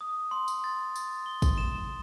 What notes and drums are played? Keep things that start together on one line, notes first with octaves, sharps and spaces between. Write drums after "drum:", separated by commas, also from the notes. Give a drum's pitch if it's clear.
D#6
C6
drum: tambourine
A6
A6, drum: tambourine
G7
drum: kick, tambourine
E7